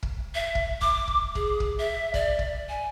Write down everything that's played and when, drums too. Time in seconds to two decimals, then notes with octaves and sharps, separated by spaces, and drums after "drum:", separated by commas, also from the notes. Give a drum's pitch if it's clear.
0.03 drum: kick
0.35 E5
0.55 drum: kick
0.81 D6, drum: kick
1.08 drum: kick
1.35 G#4, drum: kick
1.60 drum: kick
1.78 E5
2.14 D5, drum: kick
2.39 drum: kick
2.69 G#5